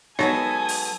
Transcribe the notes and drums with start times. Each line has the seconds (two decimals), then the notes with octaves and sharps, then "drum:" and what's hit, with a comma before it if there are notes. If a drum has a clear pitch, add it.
0.19 F#3 G#3 B3 D#4 A4 C#5 G#5 D#6, drum: snare B3
0.68 drum: open hi-hat